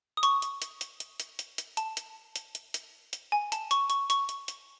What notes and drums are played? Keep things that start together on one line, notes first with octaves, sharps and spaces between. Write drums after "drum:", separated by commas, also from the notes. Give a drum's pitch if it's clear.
D#6
C#6, drum: hi-hat
drum: hi-hat
drum: hi-hat
drum: hi-hat
drum: hi-hat
drum: hi-hat
drum: hi-hat
drum: hi-hat
A5, drum: hi-hat
drum: hi-hat
drum: hi-hat
drum: hi-hat
drum: hi-hat
drum: hi-hat
G#5
A5, drum: hi-hat
C#6, drum: hi-hat
C#6, drum: hi-hat
C#6, drum: hi-hat
drum: hi-hat
drum: hi-hat